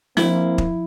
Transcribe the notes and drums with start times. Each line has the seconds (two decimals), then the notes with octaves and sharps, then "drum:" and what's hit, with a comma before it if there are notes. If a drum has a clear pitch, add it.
0.17 F3 A#3 C4 E4, drum: snare
0.58 drum: kick